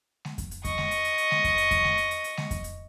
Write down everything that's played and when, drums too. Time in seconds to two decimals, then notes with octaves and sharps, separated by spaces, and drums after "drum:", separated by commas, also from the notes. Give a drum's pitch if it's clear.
0.25 drum: snare G#3
0.38 drum: kick F2, hi-hat
0.51 drum: hi-hat
0.65 D#5 C#6, drum: kick F2, hi-hat
0.78 drum: snare G#3
0.91 drum: hi-hat
1.04 drum: hi-hat
1.18 drum: hi-hat
1.31 drum: snare G#3
1.44 drum: kick F2, hi-hat
1.58 drum: hi-hat
1.71 drum: kick F2, hi-hat
1.84 drum: snare G#3
1.97 drum: hi-hat
2.11 drum: hi-hat
2.24 drum: hi-hat
2.37 drum: snare G#3
2.51 drum: kick F2, hi-hat
2.64 drum: hi-hat